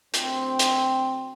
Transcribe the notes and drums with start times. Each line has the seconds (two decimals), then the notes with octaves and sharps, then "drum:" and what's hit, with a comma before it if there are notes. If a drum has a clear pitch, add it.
0.14 D2 C4, drum: hi-hat
0.59 drum: hi-hat